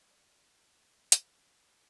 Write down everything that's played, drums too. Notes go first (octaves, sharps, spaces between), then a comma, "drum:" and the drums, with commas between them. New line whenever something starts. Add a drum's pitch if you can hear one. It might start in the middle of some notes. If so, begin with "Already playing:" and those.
Already playing: E5 G5
D5 F#5
C5 E5, drum: hi-hat